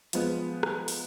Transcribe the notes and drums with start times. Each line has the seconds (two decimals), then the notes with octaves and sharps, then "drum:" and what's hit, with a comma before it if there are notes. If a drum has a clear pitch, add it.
0.13 F3 G#3 B3, drum: hi-hat
0.63 drum: rim click
0.88 drum: open hi-hat